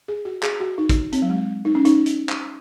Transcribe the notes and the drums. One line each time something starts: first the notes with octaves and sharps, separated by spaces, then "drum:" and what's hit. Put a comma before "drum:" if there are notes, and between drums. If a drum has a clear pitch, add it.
G#4
F#4
G#4, drum: clap
F#4
D#4
drum: kick, hi-hat
C4, drum: hi-hat
F#3
G#3
D#4
C#4
D#4, drum: hi-hat
drum: hi-hat
drum: clap